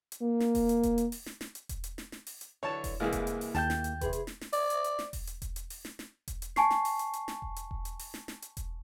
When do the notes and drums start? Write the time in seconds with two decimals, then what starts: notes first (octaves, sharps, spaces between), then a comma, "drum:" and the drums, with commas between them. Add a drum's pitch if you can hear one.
0.12 drum: hi-hat
0.22 A#3
0.40 drum: snare
0.55 drum: kick E1, open hi-hat
0.69 drum: hi-hat
0.83 drum: kick E1, hi-hat
0.98 drum: hi-hat
1.12 drum: open hi-hat
1.26 drum: snare
1.41 drum: snare
1.55 drum: hi-hat
1.69 drum: kick E1, hi-hat
1.84 drum: hi-hat
1.98 drum: snare
2.12 drum: snare
2.27 drum: open hi-hat
2.41 drum: hi-hat
2.63 D3 E3 F#3 C#5 A5
2.84 drum: kick E1, open hi-hat
3.00 C2 E3 G#3 A#3 E4 G#4
3.13 drum: kick E1, hi-hat
3.27 drum: hi-hat
3.41 drum: open hi-hat
3.55 D#2 G5 A5 G6, drum: snare
3.70 drum: snare
3.84 drum: hi-hat
4.01 C3 G#4 B4, drum: kick E1, hi-hat
4.13 drum: hi-hat
4.27 drum: snare
4.41 drum: snare
4.53 D5, drum: open hi-hat
4.70 drum: hi-hat
4.84 drum: hi-hat
4.99 drum: snare
5.13 drum: kick E1, open hi-hat
5.27 drum: hi-hat
5.42 drum: kick E1, hi-hat
5.56 drum: hi-hat
5.70 drum: open hi-hat
5.85 drum: snare
5.99 drum: snare
6.28 drum: kick E1, hi-hat
6.42 drum: hi-hat
6.56 G#5 A5 C#6 C7, drum: snare
6.71 drum: snare
6.85 drum: open hi-hat
6.99 drum: hi-hat
7.13 drum: hi-hat
7.28 drum: snare
7.42 drum: kick E1
7.56 drum: hi-hat
7.71 drum: kick E1
7.85 drum: hi-hat
7.99 drum: open hi-hat
8.14 drum: snare
8.28 drum: snare
8.42 drum: hi-hat
8.57 drum: kick E1, hi-hat